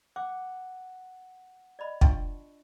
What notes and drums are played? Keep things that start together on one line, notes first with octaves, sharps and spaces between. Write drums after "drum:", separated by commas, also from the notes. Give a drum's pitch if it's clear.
F#5 D6
D5 D#5 B5
D4 F4 G5 A5 C#6, drum: kick